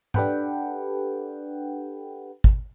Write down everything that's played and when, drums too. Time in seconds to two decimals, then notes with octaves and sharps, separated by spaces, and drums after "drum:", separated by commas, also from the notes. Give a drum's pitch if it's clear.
0.14 D4 G4 A4 B4 F#5 G5, drum: tom G#2
2.44 drum: kick